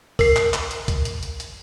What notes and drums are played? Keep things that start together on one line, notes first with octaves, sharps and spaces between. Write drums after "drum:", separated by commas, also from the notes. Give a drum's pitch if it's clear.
A#4 C7, drum: kick C2, open hi-hat
drum: clap
drum: clap
drum: hi-hat
drum: kick C2, hi-hat
drum: hi-hat
drum: hi-hat
drum: hi-hat